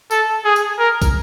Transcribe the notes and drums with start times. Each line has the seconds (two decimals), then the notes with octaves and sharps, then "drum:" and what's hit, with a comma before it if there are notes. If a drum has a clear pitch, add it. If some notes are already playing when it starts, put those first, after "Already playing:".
0.11 A4, drum: tambourine
0.45 G#4
0.56 drum: tambourine
0.79 A#4
1.02 drum: kick, tambourine